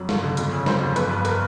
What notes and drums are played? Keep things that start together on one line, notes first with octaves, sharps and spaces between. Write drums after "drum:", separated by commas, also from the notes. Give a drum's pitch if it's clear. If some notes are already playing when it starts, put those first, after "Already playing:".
Already playing: F2 F#3
G1, drum: snare
D3
F2, drum: hi-hat
C#3
F#3 C5, drum: snare
F2
G1 B4, drum: hi-hat
G2
A#4, drum: hi-hat